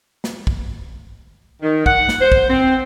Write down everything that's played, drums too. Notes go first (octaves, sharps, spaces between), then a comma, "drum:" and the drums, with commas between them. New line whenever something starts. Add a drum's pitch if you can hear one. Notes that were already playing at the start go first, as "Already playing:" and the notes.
drum: snare
drum: kick
D#3
F#5, drum: kick
drum: snare
C5
drum: kick
C4